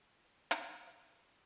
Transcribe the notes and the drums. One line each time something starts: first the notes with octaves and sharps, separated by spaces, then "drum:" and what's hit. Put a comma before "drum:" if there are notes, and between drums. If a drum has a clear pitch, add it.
D#4 G#4
D5 G5, drum: hi-hat
F#3
C#2 G#5
E4 G#4
A#3 F#4